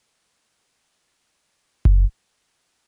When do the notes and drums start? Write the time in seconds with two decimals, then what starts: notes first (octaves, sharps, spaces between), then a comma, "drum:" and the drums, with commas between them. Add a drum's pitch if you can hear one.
0.14 D2 A2 D3
1.85 drum: kick F#1